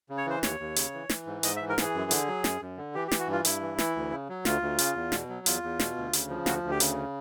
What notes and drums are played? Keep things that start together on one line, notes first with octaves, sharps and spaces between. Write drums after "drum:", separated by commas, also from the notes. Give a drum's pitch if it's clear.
C#3
C#5
E3 C5
D#2 C#5, drum: snare
D#2
C#3, drum: hi-hat
E3
E3, drum: snare
G#2
G#2 D#5, drum: hi-hat
E5
E3
A#4
E3 G#4, drum: snare
F#2
D3, drum: hi-hat
F#3
F#2, drum: snare
F#2
D3
E3 G4
G4
E3, drum: snare
F#4
G2
F4
G2 E4, drum: hi-hat
E3
E3, drum: snare
D2
C#3
F#3
D2 F4, drum: snare
D2
C#3, drum: hi-hat
E2
B2, drum: snare
F#3
E2 F4, drum: hi-hat
E2
B2, drum: snare
D2
C#3, drum: hi-hat
F3
D2 F#4, drum: snare
D2
G4
C#3, drum: hi-hat